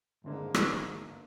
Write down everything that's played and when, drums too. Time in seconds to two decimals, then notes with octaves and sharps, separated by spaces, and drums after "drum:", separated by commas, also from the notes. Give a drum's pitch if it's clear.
0.24 G1 G#2 D3 A#3
0.54 drum: rim click